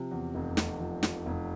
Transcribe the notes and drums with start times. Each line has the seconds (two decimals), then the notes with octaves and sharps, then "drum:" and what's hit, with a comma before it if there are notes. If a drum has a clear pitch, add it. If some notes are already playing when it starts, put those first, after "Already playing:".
Already playing: C3 F3
0.11 E2
0.35 F1
0.57 F1, drum: snare
0.79 F3
1.03 F3, drum: snare
1.26 F1